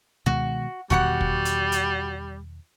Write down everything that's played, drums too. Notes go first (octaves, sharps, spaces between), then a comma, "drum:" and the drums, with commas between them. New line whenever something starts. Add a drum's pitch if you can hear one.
B2 D#3 G#3 F#4, drum: tom C#2
E2 B2 D#3 G3 F#4 F#5 F#6, drum: kick
drum: kick
drum: hi-hat
drum: hi-hat